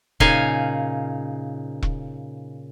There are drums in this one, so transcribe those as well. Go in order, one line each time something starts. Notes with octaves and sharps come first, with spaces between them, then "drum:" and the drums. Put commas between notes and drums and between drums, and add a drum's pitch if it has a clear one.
A#2 C#3 D#4 F5 G#5, drum: kick E1
drum: kick E1